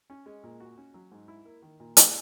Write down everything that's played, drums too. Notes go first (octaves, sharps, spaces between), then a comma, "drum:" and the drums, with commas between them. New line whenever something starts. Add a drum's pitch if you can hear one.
C#4
G#3
A#2
F#4
C#4
F#3
G#2
E4
A#3
D#3
A#2
G#4, drum: hi-hat